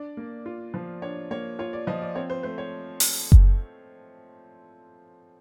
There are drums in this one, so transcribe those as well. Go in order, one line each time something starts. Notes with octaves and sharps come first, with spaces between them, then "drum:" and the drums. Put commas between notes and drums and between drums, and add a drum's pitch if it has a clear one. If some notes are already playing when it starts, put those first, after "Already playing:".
Already playing: D4 D5
A#3
F4
F3
D4 C#5
A#3 C#5
F4 C#5
D5
F3 D#5
D5
C4 C#5
C5
A3 C5
C#5
drum: open hi-hat
drum: kick F#1